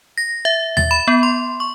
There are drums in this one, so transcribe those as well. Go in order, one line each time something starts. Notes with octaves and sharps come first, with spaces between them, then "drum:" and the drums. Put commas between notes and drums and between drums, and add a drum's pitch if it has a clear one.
A#6
E5
A6, drum: tom D#2
B5
B3
C6
C#6